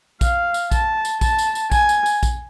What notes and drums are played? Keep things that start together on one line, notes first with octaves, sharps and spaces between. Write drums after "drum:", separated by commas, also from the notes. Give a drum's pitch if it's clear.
F5, drum: kick A#1, tambourine
drum: tambourine
A5, drum: kick A#1, tambourine
drum: tambourine
A5, drum: kick A#1, tambourine
drum: tambourine
drum: tambourine
G#5, drum: kick A#1, tambourine
drum: tambourine
drum: tambourine
drum: kick A#1, tambourine